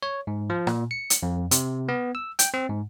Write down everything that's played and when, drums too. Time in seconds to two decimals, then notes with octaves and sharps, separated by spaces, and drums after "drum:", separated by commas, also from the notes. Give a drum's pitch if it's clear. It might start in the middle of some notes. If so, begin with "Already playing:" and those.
0.03 C#5
0.27 G#2
0.50 F3
0.67 A#2, drum: rim click
0.91 C#7
1.10 drum: hi-hat
1.23 F2
1.51 C3, drum: hi-hat
1.89 B3
2.15 E6
2.39 G5, drum: hi-hat
2.54 C4
2.69 G#2